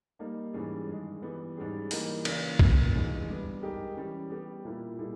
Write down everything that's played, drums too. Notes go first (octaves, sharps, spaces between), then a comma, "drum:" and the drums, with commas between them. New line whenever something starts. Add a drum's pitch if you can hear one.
G3 A#3 D#4
G#2 E3 G3 C#4 G#4
G2 D#3 G#3
E3 G3 B3
G#2 G3 C#4 G#4
E3 G3 A#3 D#4 A#4, drum: open hi-hat
C#3 E3 A#3, drum: cymbal
B2 A#3 C#4, drum: kick B1
G2 E3 G#3 D#4
G2 G3 B3
G#3 D#4 G4 A#4
E3 G3 C#4
G3 B3 G4
A#2 A#3 E4
B2 G3 A#3 E4 G#4